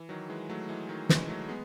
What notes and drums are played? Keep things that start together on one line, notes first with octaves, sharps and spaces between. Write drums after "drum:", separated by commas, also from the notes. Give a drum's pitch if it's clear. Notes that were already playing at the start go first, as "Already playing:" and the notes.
Already playing: E3
D#3 F#3
E3 G#3
F#3 A3
E3 G#3
D#3 F#3
E3 G#3, drum: snare
F#3 A3
G#3 B3